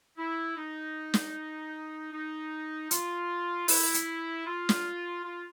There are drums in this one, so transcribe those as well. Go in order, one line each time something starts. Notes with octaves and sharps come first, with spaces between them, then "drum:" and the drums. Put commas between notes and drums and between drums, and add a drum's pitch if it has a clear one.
E4
D#4
drum: snare
D#4
F4, drum: hi-hat
E4, drum: open hi-hat
drum: hi-hat
F4
drum: snare
F4